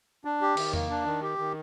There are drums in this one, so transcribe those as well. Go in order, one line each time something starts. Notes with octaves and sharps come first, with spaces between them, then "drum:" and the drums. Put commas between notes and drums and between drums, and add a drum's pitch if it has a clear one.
D4
G4
D#3, drum: cymbal
A#3, drum: tom E2
D4
D#3
G4
D#3